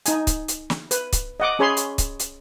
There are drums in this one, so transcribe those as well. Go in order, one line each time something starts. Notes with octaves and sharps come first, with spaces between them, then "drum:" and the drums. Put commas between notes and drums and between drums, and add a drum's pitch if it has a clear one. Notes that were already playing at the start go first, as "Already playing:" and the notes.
D#4 G#5, drum: hi-hat
drum: kick C#1, hi-hat
drum: hi-hat
drum: snare
B4, drum: hi-hat
drum: kick C#1, hi-hat
D#5 F#5 D6
C#4 G#4 C#5 G#5 B5 C6
drum: hi-hat
drum: kick C#1, hi-hat
drum: hi-hat